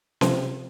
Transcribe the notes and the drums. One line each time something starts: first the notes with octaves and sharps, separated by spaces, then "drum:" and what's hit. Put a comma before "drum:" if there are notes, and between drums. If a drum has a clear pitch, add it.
C3 F3 C4, drum: snare C#4